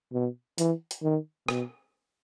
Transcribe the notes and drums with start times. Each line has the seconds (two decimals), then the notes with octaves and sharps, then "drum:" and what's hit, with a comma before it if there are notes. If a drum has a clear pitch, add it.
0.13 B2
0.58 E3, drum: hi-hat
0.91 drum: hi-hat
1.03 D#3
1.48 B2, drum: rim click